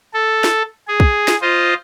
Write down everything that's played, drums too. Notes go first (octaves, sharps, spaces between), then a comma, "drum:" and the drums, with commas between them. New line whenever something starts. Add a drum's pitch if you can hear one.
A4
drum: snare
G#4
drum: kick
drum: snare
F4 C5 D#5